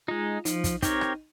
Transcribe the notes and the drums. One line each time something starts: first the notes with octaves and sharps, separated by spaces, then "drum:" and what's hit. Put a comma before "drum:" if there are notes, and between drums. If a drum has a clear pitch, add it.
G#3 D#4 F4
F3 D#4, drum: hi-hat
drum: kick, hi-hat
C4 D#4 G4 A#4 C#5, drum: kick, hi-hat
drum: rim click